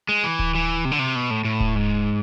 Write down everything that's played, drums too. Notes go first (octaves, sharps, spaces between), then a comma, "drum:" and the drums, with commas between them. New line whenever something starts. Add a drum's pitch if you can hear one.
G#3
E3
drum: kick D1
E3
C3
D3
C3
B2
A2
A2
drum: kick D1
G#2